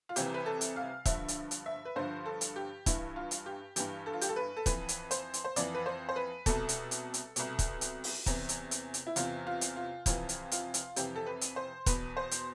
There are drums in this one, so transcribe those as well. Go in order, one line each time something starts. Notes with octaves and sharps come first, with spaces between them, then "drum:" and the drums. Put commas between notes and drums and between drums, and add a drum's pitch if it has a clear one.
F4
C2 C3 E3 G4, drum: hi-hat
B4
A4
drum: hi-hat
F5
G2 D3 F3 E5, drum: kick, hi-hat
drum: hi-hat
drum: hi-hat
E5
B4
G2 D3 F3 C5
A4
drum: hi-hat
G4
G2 E3 E4, drum: kick, hi-hat
F4
drum: hi-hat
G4
G2 E3 G4, drum: hi-hat
A4
F4
G4, drum: hi-hat
A4
B4
A4
F2 E3 B4, drum: kick, hi-hat
drum: hi-hat
C5, drum: hi-hat
drum: hi-hat
C5
F2 E3 D5, drum: hi-hat
B4
C5
C5
B4
C2 B2 A4, drum: kick, hi-hat
drum: hi-hat
drum: hi-hat
drum: hi-hat
C2 B2, drum: hi-hat
drum: kick, hi-hat
drum: hi-hat
drum: open hi-hat
E2 C3 E3, drum: kick, hi-hat
drum: hi-hat
drum: hi-hat
drum: hi-hat
E4
E2 C3 E3 F4, drum: hi-hat
F4
drum: hi-hat
F4
F2 C3 E3 F4, drum: kick, hi-hat
drum: hi-hat
F4, drum: hi-hat
drum: hi-hat
F2 C3 E3 G4, drum: hi-hat
A4
B4
drum: hi-hat
C5
E2 B2 B4, drum: kick, hi-hat
C5
drum: hi-hat